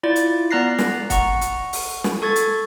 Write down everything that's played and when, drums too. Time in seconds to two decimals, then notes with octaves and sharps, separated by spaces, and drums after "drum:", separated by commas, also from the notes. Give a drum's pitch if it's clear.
0.03 E4 F4 D5 A6
0.16 drum: hi-hat
0.51 B3 D5 A#5 F#6 A#6 C7
0.79 drum: snare
1.10 F#5 A#5 C#6, drum: kick, hi-hat
1.41 drum: hi-hat
1.73 drum: open hi-hat
2.04 drum: snare
2.22 A4 C#6 G#6 A6
2.36 drum: hi-hat